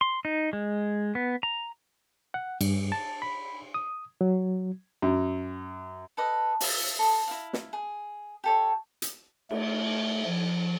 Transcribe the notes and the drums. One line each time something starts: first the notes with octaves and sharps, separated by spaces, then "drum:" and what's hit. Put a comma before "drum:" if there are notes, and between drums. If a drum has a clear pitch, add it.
C6
D#4
G#3
B3
A#5
F#5
G2, drum: cymbal
A5
B5
D#6
F#3
F#2
A4 B4 D#5
E4 F4 E5, drum: open hi-hat
A4 D#6
E4 F5
drum: snare
G#4
G4 A4 C#5
drum: hi-hat
A3, drum: cymbal
F3